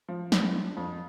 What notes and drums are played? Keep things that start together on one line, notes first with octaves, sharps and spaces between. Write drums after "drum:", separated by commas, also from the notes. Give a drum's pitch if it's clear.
F3
B3, drum: snare
D4
F2